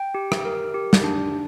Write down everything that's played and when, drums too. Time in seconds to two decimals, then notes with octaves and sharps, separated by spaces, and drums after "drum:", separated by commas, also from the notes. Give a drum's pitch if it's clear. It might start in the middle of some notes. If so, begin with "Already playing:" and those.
Already playing: G5
0.15 G4
0.32 drum: rim click
0.45 A#4
0.74 G4
0.93 drum: snare
1.03 D4